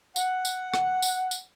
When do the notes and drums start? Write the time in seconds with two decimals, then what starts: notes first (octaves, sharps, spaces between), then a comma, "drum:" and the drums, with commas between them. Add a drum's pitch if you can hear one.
0.16 F#5, drum: tambourine
0.45 drum: tambourine
0.74 drum: rim click
1.02 drum: tambourine
1.31 drum: tambourine